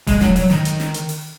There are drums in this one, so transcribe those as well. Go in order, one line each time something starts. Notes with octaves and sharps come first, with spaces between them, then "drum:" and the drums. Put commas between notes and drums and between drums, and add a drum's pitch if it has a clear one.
G#3, drum: kick D#1, open hi-hat
F#3, drum: snare
F#3, drum: open hi-hat
D#3, drum: snare
drum: hi-hat
drum: snare
drum: hi-hat
drum: open hi-hat